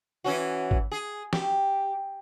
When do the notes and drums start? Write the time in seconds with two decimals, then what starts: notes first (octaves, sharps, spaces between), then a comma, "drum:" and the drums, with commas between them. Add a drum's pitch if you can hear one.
0.24 E3 C#4 F#4
0.71 drum: kick G#1
0.92 G#4
1.33 G4, drum: snare